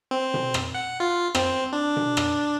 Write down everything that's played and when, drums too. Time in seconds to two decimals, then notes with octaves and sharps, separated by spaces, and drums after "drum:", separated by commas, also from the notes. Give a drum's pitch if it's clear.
0.11 C4
0.34 drum: tom B2
0.54 drum: rim click
0.75 F#5
1.00 F4
1.35 C4, drum: rim click
1.73 D4
1.97 drum: tom B2
2.17 drum: rim click